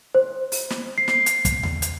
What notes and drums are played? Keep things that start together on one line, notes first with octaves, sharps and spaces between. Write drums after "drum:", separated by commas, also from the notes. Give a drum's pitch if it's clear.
C5
drum: open hi-hat
drum: snare
C7
drum: snare
drum: hi-hat
drum: kick, hi-hat
drum: tom D#2
drum: hi-hat